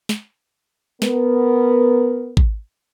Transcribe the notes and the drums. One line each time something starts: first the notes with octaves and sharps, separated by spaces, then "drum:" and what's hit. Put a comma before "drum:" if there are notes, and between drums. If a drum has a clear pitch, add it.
drum: snare
B3 A#4, drum: snare
drum: kick